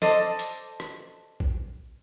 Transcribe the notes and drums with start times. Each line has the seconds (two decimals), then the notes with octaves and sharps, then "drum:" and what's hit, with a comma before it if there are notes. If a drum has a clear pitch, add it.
0.02 A4 C5 D5 D#5, drum: snare
0.39 drum: hi-hat
0.80 drum: rim click
1.40 drum: kick